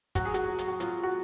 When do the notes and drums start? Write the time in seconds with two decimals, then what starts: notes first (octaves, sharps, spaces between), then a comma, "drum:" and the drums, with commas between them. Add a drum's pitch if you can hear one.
0.15 F#3 F#4, drum: kick, hi-hat
0.25 G#4
0.34 F#4, drum: hi-hat
0.48 F#3
0.59 drum: hi-hat
0.68 F#4
0.80 F#3 F4, drum: hi-hat
1.03 F#4